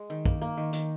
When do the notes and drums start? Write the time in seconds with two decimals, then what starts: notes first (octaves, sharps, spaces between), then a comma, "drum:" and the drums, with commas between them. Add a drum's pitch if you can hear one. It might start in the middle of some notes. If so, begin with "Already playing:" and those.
Already playing: G#3
0.10 D#3
0.25 A#3, drum: kick A#1
0.41 A#3
0.57 D#3
0.73 D#3, drum: hi-hat